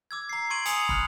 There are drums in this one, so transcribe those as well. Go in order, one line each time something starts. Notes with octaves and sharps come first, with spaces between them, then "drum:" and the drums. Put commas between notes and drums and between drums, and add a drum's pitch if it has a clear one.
D6 E6 G#6
A#5 C7
C6 C#6 G#6 D7 D#7 F#7
G#5 D#6 C#7 F7 F#7, drum: hi-hat
B5 F6 F#6, drum: kick